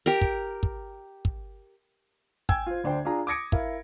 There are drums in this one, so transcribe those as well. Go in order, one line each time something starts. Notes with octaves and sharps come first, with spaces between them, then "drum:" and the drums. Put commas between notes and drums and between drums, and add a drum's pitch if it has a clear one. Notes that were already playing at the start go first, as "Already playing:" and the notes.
G4 A#4
drum: kick
drum: kick
drum: kick
G5 G#5 E6 G#6, drum: kick
F4 C5
D2 D4 C5 G5
D4 F4 G#4 A#5
D6 D#6 G#6 A#6 C#7 D7
E4 A#4 F5, drum: kick